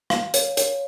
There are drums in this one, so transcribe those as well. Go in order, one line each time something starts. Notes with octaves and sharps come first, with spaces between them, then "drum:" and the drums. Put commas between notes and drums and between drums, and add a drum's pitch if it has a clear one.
F5, drum: rim click
C#5, drum: hi-hat
C#5, drum: hi-hat